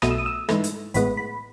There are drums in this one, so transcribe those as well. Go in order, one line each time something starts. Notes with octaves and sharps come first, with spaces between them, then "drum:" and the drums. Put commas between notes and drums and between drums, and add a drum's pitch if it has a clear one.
B1 B2 A3 D#6, drum: rim click
E6
D#6
E6
G#2 E3 A3, drum: rim click
drum: hi-hat
A1 A2 G#3 B3 B5, drum: hi-hat
B5